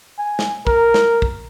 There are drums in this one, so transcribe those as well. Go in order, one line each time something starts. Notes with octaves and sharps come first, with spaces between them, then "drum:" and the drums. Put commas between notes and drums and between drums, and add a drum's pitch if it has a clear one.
G#5
drum: snare
A#4, drum: kick
drum: snare
drum: kick